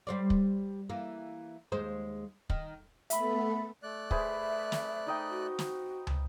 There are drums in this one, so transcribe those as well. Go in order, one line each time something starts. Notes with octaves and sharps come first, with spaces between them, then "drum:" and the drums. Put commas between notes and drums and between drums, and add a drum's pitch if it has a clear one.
G3 C5 D5
drum: kick
E3 A#3
D#2 G#3 C5
D#3, drum: kick
A3 B3 A4 E5 B5, drum: hi-hat
A3 D5 F#6
G#4 B4 C5 E5, drum: kick
drum: snare
D#4 D#5 G5
F#4
drum: snare
drum: tom